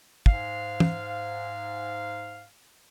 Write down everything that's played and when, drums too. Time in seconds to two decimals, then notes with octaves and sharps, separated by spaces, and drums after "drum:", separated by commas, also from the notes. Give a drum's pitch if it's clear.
0.26 G#2 F5, drum: kick
0.80 drum: tom